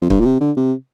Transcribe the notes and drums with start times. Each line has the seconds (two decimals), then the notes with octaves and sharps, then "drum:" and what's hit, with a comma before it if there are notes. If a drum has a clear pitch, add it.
0.02 F2
0.10 G2, drum: kick
0.20 A#2
0.25 C3
0.40 D3
0.57 C3